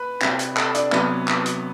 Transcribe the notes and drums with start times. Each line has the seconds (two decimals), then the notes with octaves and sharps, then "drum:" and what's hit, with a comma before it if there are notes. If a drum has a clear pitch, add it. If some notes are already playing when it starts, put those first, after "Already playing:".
Already playing: B4 B5
0.21 C3 G3, drum: clap
0.39 drum: hi-hat
0.57 A4 A5, drum: clap
0.75 D4 D5, drum: hi-hat
0.92 C3 F#3 B3 B4, drum: clap
1.28 drum: clap
1.46 drum: hi-hat